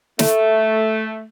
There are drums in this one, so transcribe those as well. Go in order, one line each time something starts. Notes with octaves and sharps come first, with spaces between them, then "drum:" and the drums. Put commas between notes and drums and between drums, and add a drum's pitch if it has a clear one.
A3, drum: snare